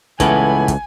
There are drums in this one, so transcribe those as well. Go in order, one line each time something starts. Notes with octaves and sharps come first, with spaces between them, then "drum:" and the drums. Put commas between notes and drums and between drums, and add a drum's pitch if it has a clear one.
C#2 A2 E3 B3 G#5, drum: kick, hi-hat
drum: kick, hi-hat